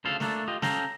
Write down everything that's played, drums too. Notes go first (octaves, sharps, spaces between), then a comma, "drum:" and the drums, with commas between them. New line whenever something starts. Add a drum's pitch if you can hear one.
D2 C#3 F3 A4 F5
A3 A#3 D4 G#4 A4, drum: snare
F4 G4 D#5
C#4 A4 F5 G5 A#5, drum: snare